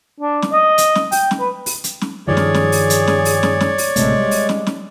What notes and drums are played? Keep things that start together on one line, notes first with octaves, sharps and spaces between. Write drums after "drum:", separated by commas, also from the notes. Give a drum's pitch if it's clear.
D4
drum: snare
D#5
drum: hi-hat
drum: snare
G5, drum: open hi-hat
drum: snare
B4
drum: open hi-hat
drum: hi-hat
drum: snare
G2 D#3 F3 G#4 C#5 D5
drum: snare
drum: snare
drum: open hi-hat
drum: hi-hat
drum: snare
drum: open hi-hat
drum: snare
drum: snare
drum: open hi-hat
A1 C3 G#3 A3, drum: hi-hat
G3
drum: open hi-hat
drum: snare
drum: snare